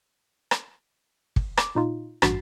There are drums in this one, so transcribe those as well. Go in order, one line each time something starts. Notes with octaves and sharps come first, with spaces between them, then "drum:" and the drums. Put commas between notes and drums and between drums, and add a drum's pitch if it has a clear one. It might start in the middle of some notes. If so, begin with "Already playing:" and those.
drum: rim click
drum: kick
D6, drum: rim click
A#2 D#4 F4
A1 G2 F#4 A6 B6 C7, drum: rim click